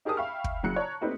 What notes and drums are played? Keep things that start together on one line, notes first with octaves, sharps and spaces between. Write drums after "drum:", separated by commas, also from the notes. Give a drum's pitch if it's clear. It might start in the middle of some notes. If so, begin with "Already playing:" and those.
D#4 G4 G#4 A#4 A5 D#6
E5 F5 G5 B5 C#6 F6
drum: kick
F#1 C#3 F#3 F#6 C#7
C#5 A5 A#5
A3 A#3 C4 D#4 G4 B4